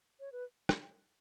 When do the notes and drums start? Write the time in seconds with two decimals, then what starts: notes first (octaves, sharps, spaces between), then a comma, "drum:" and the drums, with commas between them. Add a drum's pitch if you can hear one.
0.20 C#5
0.32 B4
0.69 drum: rim click